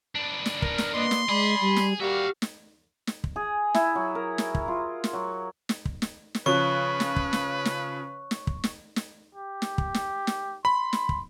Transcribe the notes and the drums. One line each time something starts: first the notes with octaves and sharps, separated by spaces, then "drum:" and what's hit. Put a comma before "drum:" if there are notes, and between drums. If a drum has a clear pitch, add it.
B3 D4
drum: snare
A#4, drum: kick
drum: snare
A#3 B4 D5 D#5 C6
drum: snare
G#3 G#4 D5 B5
G3
drum: snare
G3 A#3 F#4 G4 E5 F5
drum: snare
drum: snare
drum: kick
G#4
E4, drum: snare
F#3
A#4
drum: snare
drum: kick
F4
drum: snare
F#3
drum: snare
drum: kick
drum: snare
drum: snare
C#3 F3 B4 C#5 C#6 F#6
drum: snare
drum: kick
drum: snare
drum: snare
drum: snare
drum: kick
drum: snare
drum: snare
G4
drum: snare
drum: kick
drum: snare
drum: snare
B5 C6
drum: snare
drum: kick